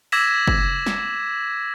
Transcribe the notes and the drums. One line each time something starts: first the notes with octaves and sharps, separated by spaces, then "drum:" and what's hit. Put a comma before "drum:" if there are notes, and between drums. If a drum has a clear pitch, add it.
D6 E6 G#6 A#6 B6 E7, drum: open hi-hat
drum: kick
drum: snare